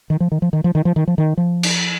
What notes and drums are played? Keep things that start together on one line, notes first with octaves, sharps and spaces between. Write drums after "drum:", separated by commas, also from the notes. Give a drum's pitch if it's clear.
D#3
F3
D#3
F3
D#3
F3
D#3
F3
D#3
F3
D#3
F3
drum: cymbal